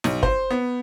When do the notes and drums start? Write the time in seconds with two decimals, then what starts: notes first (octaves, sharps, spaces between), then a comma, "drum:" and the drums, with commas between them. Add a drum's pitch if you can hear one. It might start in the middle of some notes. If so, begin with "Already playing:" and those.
0.04 B1, drum: snare
0.23 C5, drum: kick
0.51 B3